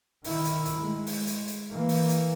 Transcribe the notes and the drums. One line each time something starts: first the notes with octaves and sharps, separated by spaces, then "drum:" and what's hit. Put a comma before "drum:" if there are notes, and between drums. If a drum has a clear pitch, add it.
D#3 E4, drum: open hi-hat
drum: hi-hat
drum: hi-hat
G#3
drum: open hi-hat
drum: hi-hat
drum: hi-hat
E3 A#3
drum: open hi-hat
drum: hi-hat